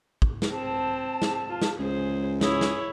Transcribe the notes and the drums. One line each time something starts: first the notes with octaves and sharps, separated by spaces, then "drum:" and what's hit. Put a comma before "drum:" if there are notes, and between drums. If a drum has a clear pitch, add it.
drum: kick
drum: snare
C4 A5
drum: snare
F4
drum: snare
C#2 G#4 C5
E4 G#4 C#5 D#6, drum: snare
drum: snare